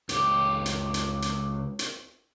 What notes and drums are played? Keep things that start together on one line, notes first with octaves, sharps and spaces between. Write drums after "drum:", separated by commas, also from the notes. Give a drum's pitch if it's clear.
C#2 G4, drum: hi-hat
drum: hi-hat
drum: hi-hat
drum: hi-hat
drum: hi-hat